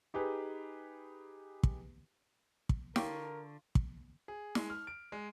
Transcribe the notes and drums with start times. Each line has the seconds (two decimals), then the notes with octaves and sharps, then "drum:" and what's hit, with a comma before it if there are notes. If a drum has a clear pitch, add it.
0.14 D#4 G4 G#4 B4
1.63 drum: kick
2.69 drum: kick
2.96 D3 F4 G4 A#4 C#5 C#6, drum: snare
3.75 drum: kick
4.28 G#4
4.55 G#3, drum: snare
4.70 F6
4.87 D7
5.12 G#3